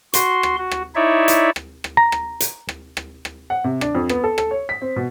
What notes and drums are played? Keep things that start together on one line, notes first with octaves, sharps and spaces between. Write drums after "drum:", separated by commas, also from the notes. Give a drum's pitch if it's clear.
F#4 C6, drum: hi-hat
drum: rim click
F#4
drum: rim click
D#4 E4 C#5 D5 E5
drum: hi-hat
drum: rim click
drum: rim click
A#5
drum: rim click
drum: hi-hat
drum: rim click
drum: rim click
drum: rim click
F#5
C3
D4, drum: rim click
F2
B3, drum: rim click
A4
A4, drum: rim click
C#5
B6
C4
B2